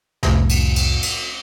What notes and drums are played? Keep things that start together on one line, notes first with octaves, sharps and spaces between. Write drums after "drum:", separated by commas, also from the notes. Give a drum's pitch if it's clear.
C2 F2 A2, drum: snare
drum: cymbal
drum: cymbal
drum: cymbal